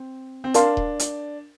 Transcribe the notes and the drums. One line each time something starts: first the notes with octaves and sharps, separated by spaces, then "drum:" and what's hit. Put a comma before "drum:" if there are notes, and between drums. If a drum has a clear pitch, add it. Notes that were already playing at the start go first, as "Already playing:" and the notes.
Already playing: C4
C4
D4 A#4 F5 A5 C6, drum: hi-hat
drum: kick D#1
drum: hi-hat